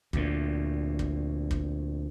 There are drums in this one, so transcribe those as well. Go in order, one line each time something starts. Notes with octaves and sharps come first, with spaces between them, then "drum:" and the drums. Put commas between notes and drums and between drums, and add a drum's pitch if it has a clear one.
D2 A#2, drum: kick
drum: kick
drum: kick